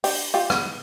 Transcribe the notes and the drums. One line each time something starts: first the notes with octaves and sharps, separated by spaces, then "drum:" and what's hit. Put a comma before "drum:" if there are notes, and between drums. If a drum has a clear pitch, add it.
D4 G4, drum: open hi-hat
F4 G4
B3, drum: rim click